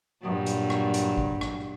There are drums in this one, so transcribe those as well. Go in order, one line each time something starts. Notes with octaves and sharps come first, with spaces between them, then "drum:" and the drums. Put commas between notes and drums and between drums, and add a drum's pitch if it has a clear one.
G2 A#2 F#3
drum: hi-hat
drum: rim click
drum: hi-hat
drum: kick
drum: rim click